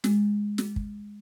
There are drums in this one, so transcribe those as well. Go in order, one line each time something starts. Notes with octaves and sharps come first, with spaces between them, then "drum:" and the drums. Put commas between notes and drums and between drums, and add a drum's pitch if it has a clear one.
G#3, drum: snare
drum: snare
drum: kick